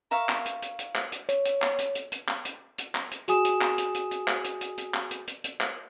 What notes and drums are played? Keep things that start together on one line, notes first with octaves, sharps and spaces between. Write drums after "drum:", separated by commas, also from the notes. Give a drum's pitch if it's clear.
A#4 E5 F5 C#6
drum: clap
drum: hi-hat
drum: hi-hat
drum: hi-hat
drum: clap
drum: hi-hat
C#5, drum: hi-hat
drum: hi-hat
drum: clap
drum: hi-hat
drum: hi-hat
drum: hi-hat
drum: clap
drum: hi-hat
drum: hi-hat
drum: clap
drum: hi-hat
F#4 G#4 G#5 D#6 E7, drum: hi-hat
drum: hi-hat
drum: clap
drum: hi-hat
drum: hi-hat
drum: hi-hat
drum: clap
drum: hi-hat
drum: hi-hat
drum: hi-hat
drum: clap
drum: hi-hat
drum: hi-hat
drum: hi-hat
drum: clap